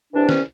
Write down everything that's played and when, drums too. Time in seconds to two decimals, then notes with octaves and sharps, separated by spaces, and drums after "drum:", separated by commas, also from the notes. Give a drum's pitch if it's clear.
0.13 C2 C3 E3 D4
0.29 C#4, drum: snare